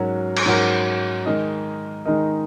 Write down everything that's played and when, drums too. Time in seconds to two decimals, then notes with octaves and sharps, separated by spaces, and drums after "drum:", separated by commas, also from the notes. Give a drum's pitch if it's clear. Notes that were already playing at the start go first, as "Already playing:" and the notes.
Already playing: G#2 F#3 C#4 F#4 A#4
0.37 drum: cymbal
0.46 G#2 F#3 C#4 F#4 A#4
1.26 D#3 G#3 D#4 A#4 D#5
2.05 D#3 G#3 D#4 A#4 D#5